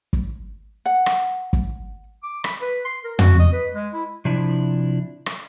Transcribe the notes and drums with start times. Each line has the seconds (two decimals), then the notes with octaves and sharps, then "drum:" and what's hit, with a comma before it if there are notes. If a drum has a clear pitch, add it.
0.13 drum: kick
0.86 F#5
1.06 drum: rim click
1.53 drum: kick
2.23 D6
2.44 B5, drum: rim click
2.61 B4
2.85 C6
3.04 A#4
3.19 F#4, drum: tom
3.39 D#5
3.53 B4
3.75 G#3
3.94 E4
4.25 C3 F3 D4 E4
5.26 drum: rim click